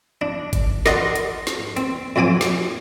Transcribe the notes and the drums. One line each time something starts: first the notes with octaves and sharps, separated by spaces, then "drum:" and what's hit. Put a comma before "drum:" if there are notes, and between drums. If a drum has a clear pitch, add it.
D4
drum: kick G#1, hi-hat
A#4 D5 D#5 F#5 C6, drum: snare
drum: hi-hat
drum: snare
C4, drum: hi-hat
F2 F#3 C4 G#5 D6
drum: snare